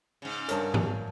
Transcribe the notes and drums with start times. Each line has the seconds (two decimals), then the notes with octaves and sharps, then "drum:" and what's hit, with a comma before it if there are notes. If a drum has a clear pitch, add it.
0.22 G#2 C#3
0.49 G2 A#4 C#5 A5, drum: hi-hat
0.74 drum: tom G2